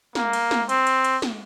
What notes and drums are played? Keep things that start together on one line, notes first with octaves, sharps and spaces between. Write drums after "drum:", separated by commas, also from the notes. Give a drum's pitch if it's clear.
A#3, drum: snare
drum: cymbal
drum: snare
C4, drum: cymbal
drum: cymbal
drum: cymbal
drum: snare